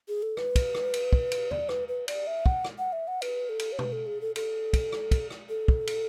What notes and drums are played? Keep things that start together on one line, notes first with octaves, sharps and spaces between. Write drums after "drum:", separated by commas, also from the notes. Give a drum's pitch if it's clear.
G#4
A4
B4, drum: rim click
drum: kick, cymbal
drum: rim click
drum: cymbal
drum: kick
drum: cymbal
D5, drum: tom E2
B4, drum: rim click
B4
D5, drum: cymbal
E5
F#5, drum: kick
drum: rim click
F#5
E5
F#5
B4, drum: cymbal
A4
drum: cymbal
C#5
B4, drum: tom
A4
G#4
A4
A4, drum: cymbal
drum: kick, cymbal
drum: rim click
drum: kick, cymbal
drum: rim click
A4
drum: kick
drum: cymbal